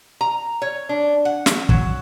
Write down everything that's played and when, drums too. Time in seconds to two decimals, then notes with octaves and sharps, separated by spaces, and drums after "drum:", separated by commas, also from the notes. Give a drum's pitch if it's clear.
0.21 A#5
0.62 C#5
0.89 D4
1.25 F#5
1.46 drum: snare
1.69 F#3, drum: kick